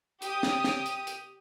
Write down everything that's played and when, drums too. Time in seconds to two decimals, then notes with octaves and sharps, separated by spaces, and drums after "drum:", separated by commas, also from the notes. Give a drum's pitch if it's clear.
0.22 G4 D#6, drum: hi-hat
0.43 drum: snare
0.64 drum: snare
0.86 drum: hi-hat
1.07 drum: hi-hat